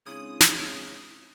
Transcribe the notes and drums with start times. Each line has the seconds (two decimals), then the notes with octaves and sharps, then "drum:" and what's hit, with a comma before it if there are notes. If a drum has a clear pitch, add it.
0.06 C#3 G#3 C4 D4 E4 D#6
0.40 drum: snare